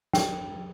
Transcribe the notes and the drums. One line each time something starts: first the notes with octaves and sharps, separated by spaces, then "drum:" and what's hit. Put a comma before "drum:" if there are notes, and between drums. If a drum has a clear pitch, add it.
G5, drum: snare